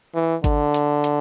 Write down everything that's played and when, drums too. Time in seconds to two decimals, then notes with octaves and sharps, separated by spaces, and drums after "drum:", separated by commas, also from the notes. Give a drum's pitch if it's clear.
0.15 E3
0.44 D3, drum: kick G#1, hi-hat
0.74 drum: hi-hat
1.04 drum: hi-hat